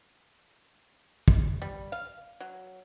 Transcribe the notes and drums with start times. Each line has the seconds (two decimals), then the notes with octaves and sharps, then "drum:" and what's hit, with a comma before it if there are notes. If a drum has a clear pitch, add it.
1.28 drum: kick
1.62 G3
1.92 F5
2.40 F#3